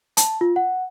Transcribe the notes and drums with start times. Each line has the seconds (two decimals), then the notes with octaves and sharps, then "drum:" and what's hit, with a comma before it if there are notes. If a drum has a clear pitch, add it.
0.17 A5, drum: hi-hat
0.41 F4
0.56 F#5